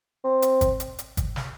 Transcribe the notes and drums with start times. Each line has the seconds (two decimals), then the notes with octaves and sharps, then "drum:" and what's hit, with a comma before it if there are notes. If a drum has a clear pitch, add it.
0.24 C4
0.42 drum: hi-hat
0.61 drum: kick, hi-hat
0.80 drum: hi-hat
0.99 drum: hi-hat
1.17 drum: kick, hi-hat
1.36 drum: snare